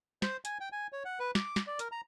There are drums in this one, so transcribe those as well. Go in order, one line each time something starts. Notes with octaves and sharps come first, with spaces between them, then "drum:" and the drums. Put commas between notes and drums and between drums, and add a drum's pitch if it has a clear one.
C5, drum: snare
G#5, drum: hi-hat
G5
G#5
C#5
F#5
B4
D6, drum: snare
drum: snare
D5
A#4, drum: hi-hat
A#5